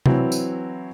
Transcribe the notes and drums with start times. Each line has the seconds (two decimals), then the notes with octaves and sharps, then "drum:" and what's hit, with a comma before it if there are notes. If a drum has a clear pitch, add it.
0.06 E3 F#3 C4 E4, drum: tom C3
0.32 drum: tambourine